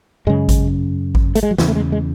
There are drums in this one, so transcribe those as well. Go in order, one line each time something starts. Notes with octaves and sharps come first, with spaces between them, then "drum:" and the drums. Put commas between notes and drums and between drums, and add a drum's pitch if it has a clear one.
F#2 C#3 G#3
drum: kick G#1, hi-hat
drum: kick G#1
A3, drum: hi-hat
G#3
F#3
E2 C#3 E3, drum: snare
A3
G#3
G#3